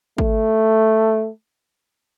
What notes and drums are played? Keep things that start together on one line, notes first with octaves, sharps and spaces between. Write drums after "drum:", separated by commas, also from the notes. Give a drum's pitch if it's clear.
A3, drum: kick